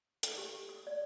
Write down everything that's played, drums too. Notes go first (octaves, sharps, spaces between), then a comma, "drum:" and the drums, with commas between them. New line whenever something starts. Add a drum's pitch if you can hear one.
A4, drum: hi-hat
G4
D#6
D5